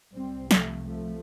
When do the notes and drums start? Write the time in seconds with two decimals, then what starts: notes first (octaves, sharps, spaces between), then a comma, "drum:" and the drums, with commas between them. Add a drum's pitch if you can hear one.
0.15 C2 C3 G3 C4
0.51 F3 A3, drum: snare
0.87 F3 A3